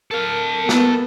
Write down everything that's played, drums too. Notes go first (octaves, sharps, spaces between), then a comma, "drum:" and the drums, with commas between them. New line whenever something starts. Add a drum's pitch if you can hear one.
A4 A#4 F5
B3, drum: snare